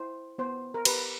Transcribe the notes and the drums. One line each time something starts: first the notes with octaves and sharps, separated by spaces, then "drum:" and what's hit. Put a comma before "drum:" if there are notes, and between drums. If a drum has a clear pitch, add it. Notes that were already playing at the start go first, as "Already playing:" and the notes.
Already playing: E4 C5
B3 C5
A#4
G4 B4, drum: cymbal